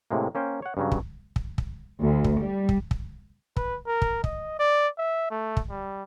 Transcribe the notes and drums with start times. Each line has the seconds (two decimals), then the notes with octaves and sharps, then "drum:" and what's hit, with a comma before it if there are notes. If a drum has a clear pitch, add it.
0.11 A2 C3 G#3 A#3
0.35 A#3 C#4 C5 G5
0.62 C#5 F#5
0.77 G2 C#3 F#3
0.92 drum: kick
1.36 drum: kick
1.58 drum: kick
2.03 D2
2.24 drum: kick
2.42 G3
2.69 drum: kick
2.91 drum: kick
3.57 B4, drum: kick
3.87 A#4
4.02 drum: kick
4.24 D#5, drum: kick
4.59 D5
4.98 E5
5.30 A3
5.57 drum: kick
5.70 G3